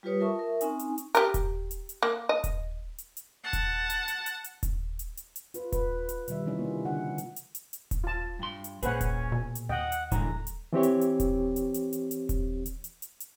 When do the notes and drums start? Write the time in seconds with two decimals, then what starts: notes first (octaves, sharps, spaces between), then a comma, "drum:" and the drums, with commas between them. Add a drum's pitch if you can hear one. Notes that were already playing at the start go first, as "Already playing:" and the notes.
0.03 G3 F4 G4 B4 C#5 D#6
0.20 F4 A#4 E5 A5 C#6 D#6
0.39 A#4 E5
0.61 C4 C#4 D#4 G#5, drum: hi-hat
0.79 drum: hi-hat
0.98 drum: hi-hat
1.15 G4 A#4, drum: hi-hat
1.34 drum: kick D#1, hi-hat
1.71 drum: hi-hat
1.89 drum: hi-hat
2.03 A#3
2.29 D#5
2.44 drum: kick D#1, hi-hat
2.98 drum: hi-hat
3.17 drum: hi-hat
3.44 F#5 A5
3.53 drum: kick D#1, hi-hat
3.90 drum: hi-hat
4.08 drum: hi-hat
4.26 drum: hi-hat
4.44 drum: hi-hat
4.63 drum: kick D#1, hi-hat
4.99 drum: hi-hat
5.17 drum: hi-hat
5.36 drum: hi-hat
5.54 F4 B4, drum: hi-hat
5.72 B4, drum: kick D#1, hi-hat
6.09 drum: hi-hat
6.28 B2 D#3 G3 E5, drum: hi-hat
6.45 C3 E3 G3 C#4 D#4
6.59 A#3 F4
6.85 D3 F#5
7.18 drum: hi-hat
7.36 drum: hi-hat
7.55 drum: hi-hat
7.73 drum: hi-hat
7.91 drum: kick D#1, hi-hat
8.04 F4 A5
8.39 G2 C6
8.64 drum: hi-hat
8.83 A1 A#2 C#4 G#4 B4 C5 F#5, drum: hi-hat
9.01 drum: kick D#1, hi-hat
9.32 B2
9.55 drum: hi-hat
9.69 D#2 D#5 F#5 G5
9.92 drum: hi-hat
10.12 A2 D3 E3 G#3 A#5, drum: kick D#1, hi-hat
10.47 drum: hi-hat
10.73 E3 C4 G4 C#5
10.83 drum: hi-hat
11.01 drum: hi-hat
11.20 drum: kick D#1, hi-hat
11.56 drum: hi-hat
11.74 drum: hi-hat
11.93 drum: hi-hat
12.11 drum: hi-hat
12.29 drum: kick D#1, hi-hat
12.66 drum: hi-hat
12.84 drum: hi-hat
13.02 drum: hi-hat
13.20 drum: hi-hat